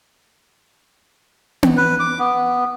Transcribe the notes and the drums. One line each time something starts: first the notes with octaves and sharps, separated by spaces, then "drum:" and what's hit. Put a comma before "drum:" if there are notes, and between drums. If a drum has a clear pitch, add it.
drum: tom B3
B4
D6
B3